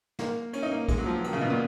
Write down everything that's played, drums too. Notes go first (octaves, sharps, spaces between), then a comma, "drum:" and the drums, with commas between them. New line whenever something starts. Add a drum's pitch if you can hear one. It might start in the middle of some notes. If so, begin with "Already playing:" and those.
A#3, drum: snare
C#4, drum: cymbal
D#4
A#3
G#3, drum: kick, cymbal
F#3
F3
F#3
D#3, drum: cymbal
C#3
B2
A#2